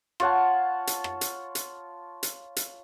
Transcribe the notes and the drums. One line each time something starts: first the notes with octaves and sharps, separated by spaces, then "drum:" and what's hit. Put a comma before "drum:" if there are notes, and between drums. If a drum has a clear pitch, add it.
F4 C#5 F#5 A5, drum: rim click
drum: hi-hat
drum: rim click
drum: hi-hat
drum: hi-hat
drum: hi-hat
drum: hi-hat